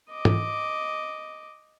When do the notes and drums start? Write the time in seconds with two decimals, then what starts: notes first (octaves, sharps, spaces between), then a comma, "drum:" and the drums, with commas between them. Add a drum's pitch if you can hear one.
0.10 D#5 D6
0.25 drum: tom G#2